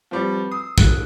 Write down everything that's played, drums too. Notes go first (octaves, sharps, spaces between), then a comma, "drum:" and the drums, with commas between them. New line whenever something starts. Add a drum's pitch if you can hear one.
F3 G3 C4 B4 B5
D#6 E6 C7
F#6, drum: kick